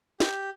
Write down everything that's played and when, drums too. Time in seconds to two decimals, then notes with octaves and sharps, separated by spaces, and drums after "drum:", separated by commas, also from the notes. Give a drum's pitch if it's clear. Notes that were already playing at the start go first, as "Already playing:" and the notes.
0.20 G4, drum: snare